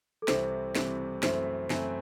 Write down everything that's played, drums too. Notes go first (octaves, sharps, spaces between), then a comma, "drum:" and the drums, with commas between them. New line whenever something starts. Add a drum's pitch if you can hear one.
A4
C2 C3 E3 C4 C5, drum: snare
C2 C3 E3 C4, drum: snare
F#2 E3 A3 C4 C5, drum: snare
F#2 E3 A3 C4, drum: snare